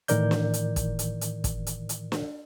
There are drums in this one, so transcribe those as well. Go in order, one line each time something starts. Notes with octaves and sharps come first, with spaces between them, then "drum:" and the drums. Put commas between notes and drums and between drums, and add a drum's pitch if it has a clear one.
A2 D#3 E3 A#4 D5 G6, drum: hi-hat
drum: snare
drum: hi-hat
drum: kick, hi-hat
drum: hi-hat
drum: hi-hat
drum: kick, hi-hat
drum: hi-hat
drum: hi-hat
drum: snare